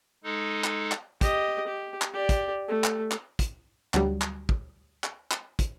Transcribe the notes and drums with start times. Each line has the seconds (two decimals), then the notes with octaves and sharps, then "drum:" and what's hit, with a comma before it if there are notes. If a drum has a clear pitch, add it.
0.24 G#3 D#4 A4
0.64 drum: clap
0.92 drum: clap
1.21 G4 D#5, drum: kick, hi-hat
1.67 G4
2.02 drum: clap
2.14 G4 D5
2.29 drum: kick, hi-hat
2.68 A3
2.84 drum: clap
3.12 drum: clap
3.39 drum: kick, hi-hat
3.94 D2 F#3 G3, drum: clap
4.21 drum: clap
4.49 drum: kick
5.04 drum: clap
5.31 drum: clap
5.59 drum: kick, hi-hat